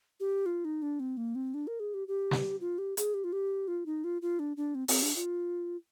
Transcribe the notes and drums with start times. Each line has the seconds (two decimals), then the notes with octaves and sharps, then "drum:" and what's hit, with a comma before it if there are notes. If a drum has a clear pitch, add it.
0.20 G4
0.46 F4
0.65 D#4
0.82 D4
1.00 C4
1.17 A#3
1.35 C4
1.54 D4
1.67 A#4
1.80 G#4
1.94 G4
2.08 G4
2.31 drum: snare
2.61 F4
2.78 G4
2.97 G#4, drum: hi-hat
3.14 G4
3.24 F4
3.33 G4
3.68 F4
3.86 D#4
4.04 F4
4.22 F4
4.39 D4
4.57 D4
4.75 C4
4.88 C4, drum: open hi-hat
5.03 D4
5.16 F4